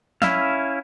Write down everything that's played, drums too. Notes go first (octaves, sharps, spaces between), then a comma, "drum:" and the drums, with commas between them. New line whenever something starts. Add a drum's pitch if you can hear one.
C#4 E4 E5 F5, drum: snare